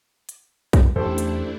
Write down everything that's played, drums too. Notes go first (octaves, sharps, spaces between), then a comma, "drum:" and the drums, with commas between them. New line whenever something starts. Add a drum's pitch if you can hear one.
drum: hi-hat
drum: kick, hi-hat
E2 A3 C#4 D4 E4 G4 A4 C5
drum: hi-hat